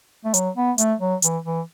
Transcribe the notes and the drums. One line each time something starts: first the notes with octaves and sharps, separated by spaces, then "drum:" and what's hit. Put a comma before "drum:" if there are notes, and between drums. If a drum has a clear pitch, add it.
A3
F#3, drum: hi-hat
B3
A3, drum: hi-hat
F#3
E3, drum: hi-hat
E3